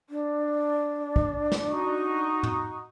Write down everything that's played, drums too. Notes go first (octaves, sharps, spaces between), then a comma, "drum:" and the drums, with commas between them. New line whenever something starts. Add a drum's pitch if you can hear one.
D4
drum: kick A#1
drum: snare
D#4 F#4 C#6
drum: tom